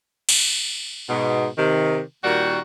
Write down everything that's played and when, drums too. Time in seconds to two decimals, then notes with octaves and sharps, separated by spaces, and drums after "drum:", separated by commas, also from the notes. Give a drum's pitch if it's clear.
0.29 drum: cymbal
1.09 G#2 B2
1.58 C3 D#3
2.24 A#2 D#3 G3 F#4